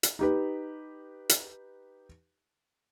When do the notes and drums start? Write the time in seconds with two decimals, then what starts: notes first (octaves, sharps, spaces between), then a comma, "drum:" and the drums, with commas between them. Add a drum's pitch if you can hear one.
0.03 drum: hi-hat
0.19 D#4 G4 B4
1.29 drum: hi-hat